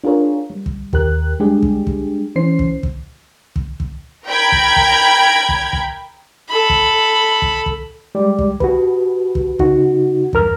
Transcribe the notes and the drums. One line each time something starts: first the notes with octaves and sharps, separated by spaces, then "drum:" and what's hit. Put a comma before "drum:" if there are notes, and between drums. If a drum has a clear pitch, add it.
D4 F4 G#4 A#4 C#5
G3
drum: kick
D#2 G4 A#4 F#6, drum: kick
G3 G#3 D4 G4 G#4
drum: kick
drum: kick
E3 C#4 C5 C7
drum: kick
drum: kick
drum: kick
drum: kick
A#4 G5 B5 G#6
drum: kick
drum: kick
drum: kick
drum: kick
A4 B5
drum: kick
drum: kick
drum: kick
G3 G#3 G4 D5
drum: kick
F#4 G4 B4, drum: kick
drum: kick
C#3 D#4 F#4, drum: kick
E2 G2 A#4 F6, drum: kick